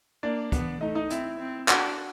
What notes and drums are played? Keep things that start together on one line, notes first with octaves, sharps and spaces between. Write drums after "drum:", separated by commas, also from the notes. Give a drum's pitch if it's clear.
A#3 D4 D5
B3, drum: kick, hi-hat
A3 D#4 D#5
D#4 D#5
C4 E4 E5, drum: hi-hat
C4
D4 F#4 F#5, drum: clap